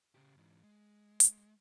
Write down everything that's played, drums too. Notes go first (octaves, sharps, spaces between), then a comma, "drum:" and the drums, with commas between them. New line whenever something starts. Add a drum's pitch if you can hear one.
C#3 G4
G#2 E3
G#3
drum: hi-hat